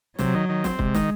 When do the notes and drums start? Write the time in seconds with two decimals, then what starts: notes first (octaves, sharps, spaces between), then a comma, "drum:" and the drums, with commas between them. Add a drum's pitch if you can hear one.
0.19 C3 F#3, drum: snare
0.34 D#3
0.49 D#3
0.64 C4, drum: snare
0.79 C3 G#3, drum: kick
0.95 D#3, drum: snare